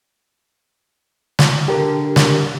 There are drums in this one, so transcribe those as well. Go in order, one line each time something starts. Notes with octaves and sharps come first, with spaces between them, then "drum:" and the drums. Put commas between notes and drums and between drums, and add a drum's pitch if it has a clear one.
drum: snare
D3 G4 A#4
drum: snare